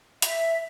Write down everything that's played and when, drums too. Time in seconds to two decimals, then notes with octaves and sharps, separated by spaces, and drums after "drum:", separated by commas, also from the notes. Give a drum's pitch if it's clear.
0.22 E5, drum: hi-hat